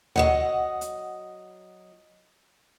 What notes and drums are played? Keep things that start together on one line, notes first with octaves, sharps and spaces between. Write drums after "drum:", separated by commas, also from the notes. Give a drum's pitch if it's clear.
F#3 D#5 F#5, drum: tom D2
drum: hi-hat